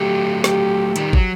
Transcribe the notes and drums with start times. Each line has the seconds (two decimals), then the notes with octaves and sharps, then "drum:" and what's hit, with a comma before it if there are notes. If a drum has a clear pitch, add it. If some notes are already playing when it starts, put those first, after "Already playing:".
Already playing: F#3 A3 G4
0.44 G4, drum: snare
0.96 D#3 G3, drum: hi-hat
1.13 F#3, drum: kick